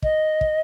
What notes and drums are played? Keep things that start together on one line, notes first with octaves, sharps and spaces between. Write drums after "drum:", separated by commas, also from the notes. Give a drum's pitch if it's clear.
D#5, drum: kick
drum: kick